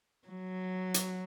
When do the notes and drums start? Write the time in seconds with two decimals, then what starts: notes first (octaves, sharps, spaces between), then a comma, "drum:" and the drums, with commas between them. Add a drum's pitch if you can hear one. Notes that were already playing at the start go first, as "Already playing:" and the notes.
0.28 F#3
0.94 drum: hi-hat